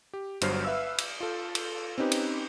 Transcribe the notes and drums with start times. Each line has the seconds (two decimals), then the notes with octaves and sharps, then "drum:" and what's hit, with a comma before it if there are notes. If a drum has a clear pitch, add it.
0.13 G4
0.41 G1 G2 F#3 C5 F6 C7, drum: cymbal
0.65 B4 E5 F5 E6
0.98 drum: cymbal
1.20 F4 A4
1.55 drum: cymbal
1.98 C4 C#4 D#4 G4 B4
2.12 drum: cymbal